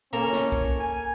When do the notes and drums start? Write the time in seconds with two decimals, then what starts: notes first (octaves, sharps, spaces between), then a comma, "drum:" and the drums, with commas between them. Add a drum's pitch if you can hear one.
0.13 A#3 C#4 A4 A#5
0.33 drum: snare
0.52 drum: kick B1
0.79 G#5